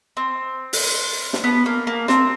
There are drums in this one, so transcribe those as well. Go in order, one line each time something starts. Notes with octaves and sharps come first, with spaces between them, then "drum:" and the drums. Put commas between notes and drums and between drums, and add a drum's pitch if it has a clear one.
C4
drum: open hi-hat
drum: snare
B3
A#3
A#3
C4, drum: snare